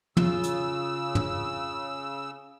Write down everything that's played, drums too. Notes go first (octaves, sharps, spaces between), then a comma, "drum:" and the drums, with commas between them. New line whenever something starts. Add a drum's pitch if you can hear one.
C#3 F4 E6, drum: tom
drum: hi-hat
drum: tom